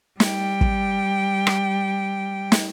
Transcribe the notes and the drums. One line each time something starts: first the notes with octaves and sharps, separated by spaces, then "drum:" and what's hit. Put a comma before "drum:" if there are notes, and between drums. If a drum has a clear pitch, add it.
G3 G5, drum: snare
drum: kick
drum: rim click
drum: snare